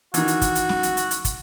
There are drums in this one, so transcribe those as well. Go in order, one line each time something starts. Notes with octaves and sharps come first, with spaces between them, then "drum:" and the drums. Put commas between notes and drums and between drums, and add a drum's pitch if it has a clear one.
D#3 E3 F#4, drum: hi-hat
drum: hi-hat
drum: kick, hi-hat
drum: hi-hat
drum: snare
drum: hi-hat
drum: hi-hat
drum: hi-hat
drum: kick, hi-hat